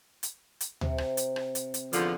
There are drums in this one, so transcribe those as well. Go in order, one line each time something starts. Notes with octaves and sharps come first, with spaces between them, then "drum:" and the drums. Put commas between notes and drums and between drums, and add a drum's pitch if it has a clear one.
drum: hi-hat
drum: hi-hat
C3, drum: tom D2
drum: rim click
drum: hi-hat
drum: rim click
drum: hi-hat
drum: hi-hat
E2 D3 F3, drum: hi-hat